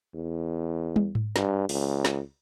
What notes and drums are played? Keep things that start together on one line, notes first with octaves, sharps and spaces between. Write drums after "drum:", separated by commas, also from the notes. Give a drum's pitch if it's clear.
E2
drum: tom
drum: tom G#2
G2, drum: snare
C#2, drum: open hi-hat
drum: snare